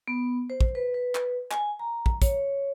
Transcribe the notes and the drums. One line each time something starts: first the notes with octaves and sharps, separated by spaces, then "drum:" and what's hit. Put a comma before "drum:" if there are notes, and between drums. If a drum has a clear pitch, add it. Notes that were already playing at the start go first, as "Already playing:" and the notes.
B3
C5
drum: kick
B4
B4
drum: clap
G#5, drum: clap
A#5
drum: kick
C#5, drum: kick, hi-hat